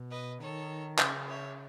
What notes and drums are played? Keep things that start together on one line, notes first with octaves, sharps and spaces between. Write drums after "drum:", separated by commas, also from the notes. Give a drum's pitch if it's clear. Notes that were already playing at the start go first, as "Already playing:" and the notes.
Already playing: B2
B4 D#5
D#3 A4 C#5
C#3, drum: clap
C#5 E5